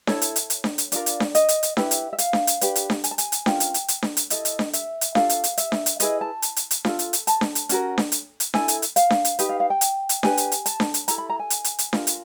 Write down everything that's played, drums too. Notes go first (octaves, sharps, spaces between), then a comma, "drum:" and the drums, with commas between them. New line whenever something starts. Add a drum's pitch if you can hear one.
E4 A4 C#5, drum: snare D4
drum: hi-hat
drum: hi-hat
drum: hi-hat
drum: snare D4
drum: hi-hat
D4 F4 A#4 D5, drum: hi-hat
drum: hi-hat
drum: snare D4
D#5, drum: hi-hat
drum: hi-hat
drum: hi-hat
E4 G4 B4 E5, drum: snare D4
drum: hi-hat
E5
F5, drum: hi-hat
drum: snare D4
drum: hi-hat
D4 G4 B4, drum: hi-hat
drum: hi-hat
drum: snare D4
G#5, drum: hi-hat
A5
G#5, drum: hi-hat
drum: hi-hat
C#4 F4 A#4 G5, drum: snare D4
drum: hi-hat
drum: hi-hat
drum: hi-hat
drum: snare D4
drum: hi-hat
E4 A4 D#5, drum: hi-hat
drum: hi-hat
drum: snare D4
E5, drum: hi-hat
drum: hi-hat
D4 F4 A4 F5, drum: snare D4
drum: hi-hat
drum: hi-hat
E5, drum: hi-hat
drum: snare D4
drum: hi-hat
E4 G#4 B4 D#5, drum: hi-hat
A5
drum: hi-hat
drum: hi-hat
drum: hi-hat
F4 A4, drum: snare D4
drum: hi-hat
drum: hi-hat
A5, drum: hi-hat
drum: snare D4
drum: hi-hat
C#4 F#4 A#4, drum: hi-hat
drum: snare D4
drum: hi-hat
drum: hi-hat
E4 A4 G#5, drum: snare D4
drum: hi-hat
drum: hi-hat
F5, drum: hi-hat
drum: snare D4
drum: hi-hat
D#4 G4 B4, drum: hi-hat
F5
F5
G5
drum: hi-hat
drum: hi-hat
D4 G4 B4 G#5, drum: snare D4
drum: hi-hat
drum: hi-hat
A5, drum: hi-hat
drum: snare D4
drum: hi-hat
E4 A4 A#5, drum: hi-hat
B5
A#5
G#5
drum: hi-hat
drum: hi-hat
drum: hi-hat
F4 A#4, drum: snare D4
drum: hi-hat